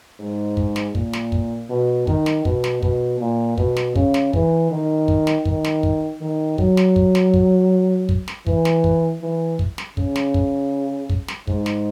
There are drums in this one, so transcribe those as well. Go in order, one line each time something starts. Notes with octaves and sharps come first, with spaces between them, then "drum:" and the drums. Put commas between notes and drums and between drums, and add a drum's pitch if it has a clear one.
G#2
drum: kick
drum: snare
A#2, drum: kick
drum: snare
drum: kick
B2
D#3, drum: kick
drum: snare
B2, drum: kick
drum: snare
B2, drum: kick
A#2
B2, drum: kick
drum: snare
C#3, drum: kick
drum: snare
E3, drum: kick
D#3
drum: kick
drum: snare
D#3, drum: kick
drum: snare
drum: kick
D#3
F#3, drum: kick
drum: snare
drum: kick
drum: snare
drum: kick
drum: kick
drum: snare
E3, drum: kick
drum: snare
drum: kick
E3
drum: kick
drum: snare
C#3, drum: kick
drum: snare
drum: kick
drum: kick
drum: snare
G#2, drum: kick
drum: snare